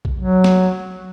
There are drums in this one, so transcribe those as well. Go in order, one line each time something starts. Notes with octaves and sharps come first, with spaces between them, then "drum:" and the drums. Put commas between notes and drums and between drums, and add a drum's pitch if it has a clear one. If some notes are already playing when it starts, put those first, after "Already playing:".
drum: kick
F#3
drum: snare